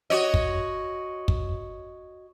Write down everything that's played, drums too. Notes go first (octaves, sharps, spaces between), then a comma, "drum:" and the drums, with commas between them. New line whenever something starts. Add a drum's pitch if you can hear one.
F#4 C#5 D#5
drum: kick
drum: kick